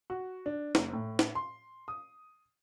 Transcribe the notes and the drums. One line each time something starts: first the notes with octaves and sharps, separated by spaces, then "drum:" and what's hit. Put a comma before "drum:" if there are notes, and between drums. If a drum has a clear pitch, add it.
F#4
D4
F#1, drum: snare
A2
drum: snare
C6
D#6